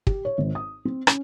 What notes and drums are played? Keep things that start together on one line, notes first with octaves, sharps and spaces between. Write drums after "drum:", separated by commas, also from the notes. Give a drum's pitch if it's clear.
G4, drum: kick
C#5
G#1
D#6
C4
C#4, drum: rim click